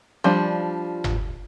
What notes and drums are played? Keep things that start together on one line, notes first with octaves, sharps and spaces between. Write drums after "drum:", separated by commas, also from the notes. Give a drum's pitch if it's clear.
F3 G3 D4
drum: tom G1